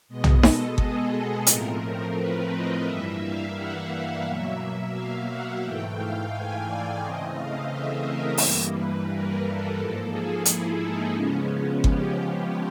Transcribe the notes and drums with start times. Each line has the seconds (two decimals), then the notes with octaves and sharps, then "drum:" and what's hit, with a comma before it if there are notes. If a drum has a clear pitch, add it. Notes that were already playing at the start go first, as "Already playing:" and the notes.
0.08 B2 G#3 B3 D#5
0.24 drum: tom B1
0.43 A4, drum: snare D#4
0.78 G#4, drum: kick G1
1.12 A4
1.47 A2 F3 A3 C4 A#4, drum: hi-hat
2.16 B4
2.50 D#5
2.85 G2 E3 G3 A#3 E5
3.20 F5
3.55 F#5
3.88 E5
4.23 B2 F#3 A#3 E5
4.92 F5
5.27 F#5
5.61 G#2 E3 A3 G5
5.96 F5
6.31 G#5
6.65 D5
6.99 C#3 E3 A3 C4 D#5
7.34 F5
7.69 E5
8.03 A#4
8.38 G2 E3 G3 A#3, drum: open hi-hat
8.72 B4
9.07 A#4
9.42 A4
9.76 G#2 F3 A#3 A4
10.10 G#4
10.45 E4, drum: hi-hat
10.80 D#4
11.14 C#3 F3 G#3 B3 C#4
11.49 C#4
11.84 G4, drum: kick G1
12.18 G4